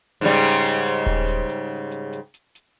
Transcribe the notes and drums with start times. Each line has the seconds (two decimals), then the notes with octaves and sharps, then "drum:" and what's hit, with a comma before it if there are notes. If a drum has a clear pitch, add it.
0.21 G#2 C#3 G3, drum: hi-hat
0.43 drum: hi-hat
0.64 drum: hi-hat
0.85 drum: hi-hat
1.06 drum: kick D#1
1.28 drum: hi-hat
1.49 drum: hi-hat
1.91 drum: hi-hat
2.13 drum: hi-hat
2.34 drum: hi-hat
2.55 drum: hi-hat